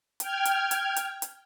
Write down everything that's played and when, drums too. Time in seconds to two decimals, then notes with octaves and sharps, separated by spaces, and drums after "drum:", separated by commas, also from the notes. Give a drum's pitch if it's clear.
0.20 G5 F6 G#6, drum: hi-hat
0.45 drum: hi-hat
0.71 drum: hi-hat
0.96 drum: hi-hat
1.22 drum: hi-hat